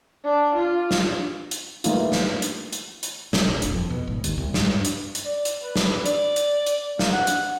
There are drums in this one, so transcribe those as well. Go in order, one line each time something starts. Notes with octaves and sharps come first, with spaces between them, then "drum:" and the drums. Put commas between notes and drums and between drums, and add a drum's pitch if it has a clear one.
D4
F4
drum: snare
drum: hi-hat
E3 G3 A3 A#3 D#4 F4, drum: hi-hat
drum: snare
drum: hi-hat
drum: hi-hat
drum: hi-hat
C3, drum: snare
A#1
F1, drum: hi-hat
F2
B2
G#1
D#2, drum: hi-hat
C2
G#2, drum: snare
G2
drum: hi-hat
drum: hi-hat
D5
drum: hi-hat
B4
drum: snare
D5, drum: hi-hat
drum: hi-hat
drum: hi-hat
A#3, drum: snare
F#5
drum: hi-hat